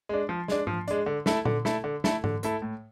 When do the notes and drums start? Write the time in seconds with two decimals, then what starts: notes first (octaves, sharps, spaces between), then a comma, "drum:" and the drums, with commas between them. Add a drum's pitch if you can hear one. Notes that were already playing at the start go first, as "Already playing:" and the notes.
0.09 G#3 D4
0.29 F3
0.48 G#3 D4, drum: snare
0.67 F3, drum: tom G#2
0.88 G#3 D4, drum: hi-hat
1.06 D3
1.26 A3 E4 A4, drum: snare
1.45 D3, drum: tom A#2
1.65 A3 E4 A4, drum: snare
1.84 D3
2.04 A3 E4 A4, drum: snare
2.24 D3, drum: tom G#2
2.43 A3 E4 A4, drum: hi-hat
2.62 A2